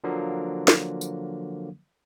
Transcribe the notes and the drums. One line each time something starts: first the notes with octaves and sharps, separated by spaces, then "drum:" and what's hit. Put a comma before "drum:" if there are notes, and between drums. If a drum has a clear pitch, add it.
D3 F3 F#3 A#3
drum: snare
drum: tambourine